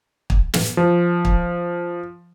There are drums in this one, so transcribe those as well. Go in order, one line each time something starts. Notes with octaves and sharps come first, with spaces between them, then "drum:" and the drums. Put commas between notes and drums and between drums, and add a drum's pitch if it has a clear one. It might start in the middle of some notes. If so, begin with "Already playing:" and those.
drum: kick
drum: snare
F3
drum: kick